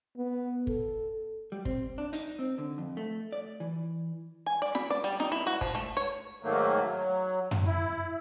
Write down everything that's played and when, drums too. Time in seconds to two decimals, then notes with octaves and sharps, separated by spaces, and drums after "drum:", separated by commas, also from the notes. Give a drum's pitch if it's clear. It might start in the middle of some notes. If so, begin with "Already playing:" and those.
0.17 B3
0.67 A4, drum: kick
1.52 G3
1.65 C4, drum: kick
1.98 D4
2.13 D#4, drum: hi-hat
2.39 C4
2.58 D3
2.78 F2
2.97 A3
3.32 D5
3.60 E3
4.46 G#5
4.62 D5
4.75 B5, drum: snare
4.90 D5
5.04 G3
5.20 D#4, drum: snare
5.32 E4
5.47 F#4
5.61 F3, drum: kick
5.75 A3
5.97 C#5
6.43 G#2 D#3 F#3 A3 A#3
6.81 F#3
7.51 drum: tom F#2
7.66 E4